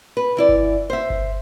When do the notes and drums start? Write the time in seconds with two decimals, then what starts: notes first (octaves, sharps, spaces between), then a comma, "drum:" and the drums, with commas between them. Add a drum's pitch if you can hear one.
0.17 B4
0.37 E3 E4 D5
0.49 drum: kick G1
0.90 C5 E5
1.10 drum: kick G1